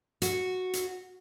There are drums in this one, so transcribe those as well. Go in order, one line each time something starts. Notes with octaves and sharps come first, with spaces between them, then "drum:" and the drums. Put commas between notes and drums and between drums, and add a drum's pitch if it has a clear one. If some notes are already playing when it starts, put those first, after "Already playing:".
F#4, drum: hi-hat
drum: hi-hat